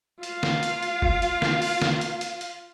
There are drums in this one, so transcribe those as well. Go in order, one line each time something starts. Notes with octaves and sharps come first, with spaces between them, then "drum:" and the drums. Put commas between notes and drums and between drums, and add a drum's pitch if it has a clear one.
F4 F5, drum: hi-hat
drum: snare
drum: hi-hat
drum: hi-hat
drum: kick
drum: hi-hat
drum: snare
drum: open hi-hat
drum: snare
drum: hi-hat
drum: hi-hat
drum: hi-hat